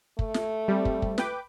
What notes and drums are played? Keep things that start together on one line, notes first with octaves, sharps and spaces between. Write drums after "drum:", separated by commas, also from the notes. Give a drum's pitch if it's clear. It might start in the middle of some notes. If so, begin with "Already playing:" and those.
A3, drum: kick
drum: snare
G3 C4
drum: kick
drum: kick
B4 G5 D6, drum: snare